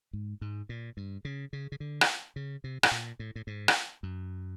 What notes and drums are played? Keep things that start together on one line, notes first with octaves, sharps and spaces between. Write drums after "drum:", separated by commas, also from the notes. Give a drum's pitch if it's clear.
G#2
G#2
A#2
G2
C#3
C#3
C#3
D3
drum: rim click
C#3
C3
A2, drum: rim click
A#2
A2
A2
G#2
drum: rim click
F#2